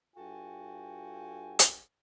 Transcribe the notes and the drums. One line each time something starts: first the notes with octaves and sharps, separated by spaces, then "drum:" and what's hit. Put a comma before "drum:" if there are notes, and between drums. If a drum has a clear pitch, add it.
G2 F4 F#4 A4 G5 G#5
drum: hi-hat